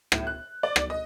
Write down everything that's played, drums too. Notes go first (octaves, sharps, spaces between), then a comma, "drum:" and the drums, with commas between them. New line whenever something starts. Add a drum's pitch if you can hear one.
A2, drum: rim click
F#6
D5
drum: rim click
D#5